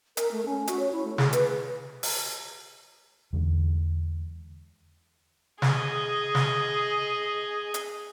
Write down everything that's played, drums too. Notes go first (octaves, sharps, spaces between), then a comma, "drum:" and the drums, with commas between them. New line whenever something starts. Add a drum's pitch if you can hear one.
A#4, drum: hi-hat
A3
C#4
F#4, drum: hi-hat
C#5
E4
A3
G#4, drum: snare
B4, drum: hi-hat
drum: open hi-hat
E2 D3 G#3
G#4 D#5, drum: snare
drum: snare
drum: hi-hat